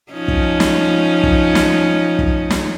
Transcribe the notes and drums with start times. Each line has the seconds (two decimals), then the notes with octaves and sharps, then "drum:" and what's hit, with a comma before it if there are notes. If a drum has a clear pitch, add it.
0.12 F3 C#4 D#4
0.28 drum: kick
0.60 drum: snare
1.23 drum: kick
1.55 drum: snare
2.19 drum: kick
2.50 drum: snare